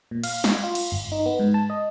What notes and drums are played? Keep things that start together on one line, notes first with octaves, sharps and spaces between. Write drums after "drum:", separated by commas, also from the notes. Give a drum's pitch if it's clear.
A#2
F5, drum: cymbal
drum: snare
F4
drum: cymbal
G1
D#4
B3
G#2
A5
D#5